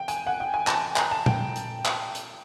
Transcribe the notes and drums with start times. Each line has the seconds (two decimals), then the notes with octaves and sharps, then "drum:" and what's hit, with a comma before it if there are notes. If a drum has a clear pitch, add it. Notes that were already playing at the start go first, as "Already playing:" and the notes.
Already playing: G5
0.08 G#5, drum: hi-hat
0.27 F#5
0.40 G5
0.54 G#5
0.67 A5, drum: clap
0.96 A#5, drum: clap
1.11 A5
1.26 G5, drum: tom
1.56 drum: hi-hat
1.85 drum: clap
2.15 drum: hi-hat